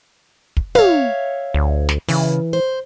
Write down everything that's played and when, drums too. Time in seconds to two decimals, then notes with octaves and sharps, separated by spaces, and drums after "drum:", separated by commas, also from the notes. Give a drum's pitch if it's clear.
0.57 drum: kick
0.75 C#5 E5 F5, drum: tom
1.54 D2
1.89 drum: snare
2.09 C#3 E3, drum: open hi-hat
2.53 C5